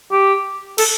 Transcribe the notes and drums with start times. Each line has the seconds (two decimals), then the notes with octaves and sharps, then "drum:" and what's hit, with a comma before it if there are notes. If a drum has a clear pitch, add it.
0.11 G4
0.78 A4, drum: cymbal